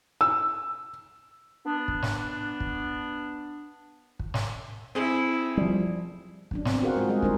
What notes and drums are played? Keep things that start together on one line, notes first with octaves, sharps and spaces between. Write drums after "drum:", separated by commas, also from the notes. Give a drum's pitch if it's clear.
E6
B3 D4
drum: kick
drum: snare
drum: kick
drum: kick
drum: snare
C4 E4 G#4
F3 G3
F#3 C#4 D4, drum: kick
B3 C4, drum: snare
F#4 G#4 A#4 C5 F5 F#5
G#3 F4 F#4
G3 G#3 G#4 D#5 F5
D4 D#4 A#4 C5, drum: kick